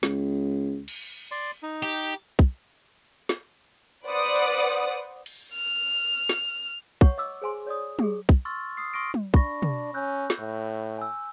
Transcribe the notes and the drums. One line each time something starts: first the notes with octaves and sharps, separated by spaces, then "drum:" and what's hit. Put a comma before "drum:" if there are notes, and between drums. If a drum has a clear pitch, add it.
C#2, drum: snare
drum: cymbal
D5 C6
D#4
G4
drum: kick
drum: snare
B4 C5 D5 F#5 D#6
drum: hi-hat
drum: cymbal
F6
drum: snare
C#5 F#5 C#6, drum: kick
D#5 D6 E6
G#4 C5 G#5 C6
C#5 D5 D#6
G4 G#4, drum: tom
drum: kick
C6 C#6 E6 F6 A6
D#6 F6 C7
C6 C#6 D#6 F6 A#6 D7
drum: tom
D4 B5 C#6 A#6, drum: kick
drum: tom
C#4 E6 F#6 G6
drum: snare
A2
G#5 E6